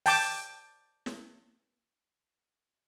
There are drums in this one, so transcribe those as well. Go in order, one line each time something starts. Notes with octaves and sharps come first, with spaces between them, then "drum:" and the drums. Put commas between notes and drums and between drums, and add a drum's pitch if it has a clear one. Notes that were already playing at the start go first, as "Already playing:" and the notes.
G5 A5 D6, drum: open hi-hat
drum: snare